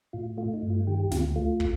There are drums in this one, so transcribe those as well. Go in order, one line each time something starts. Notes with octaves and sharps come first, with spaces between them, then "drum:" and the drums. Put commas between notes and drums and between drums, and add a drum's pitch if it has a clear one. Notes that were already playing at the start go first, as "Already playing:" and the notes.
A2 F4
A3 F4
D#4
G2
F4
D#3 G4
G4
D2 F4, drum: snare
A3 F4
drum: kick